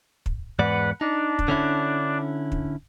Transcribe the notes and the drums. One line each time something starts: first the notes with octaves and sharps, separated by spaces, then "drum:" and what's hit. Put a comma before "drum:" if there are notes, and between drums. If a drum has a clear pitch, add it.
drum: kick
E2 G#2 B4 D5 F#5
D4 D#4
drum: kick
D3 C#4 E4
drum: kick